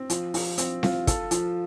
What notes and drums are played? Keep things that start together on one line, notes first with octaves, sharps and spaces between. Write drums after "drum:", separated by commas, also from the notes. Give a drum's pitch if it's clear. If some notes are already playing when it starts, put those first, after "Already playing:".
Already playing: C4
F3, drum: hi-hat
F3, drum: open hi-hat
C4, drum: hi-hat
F4, drum: snare C4
A4, drum: kick, hi-hat
F3, drum: hi-hat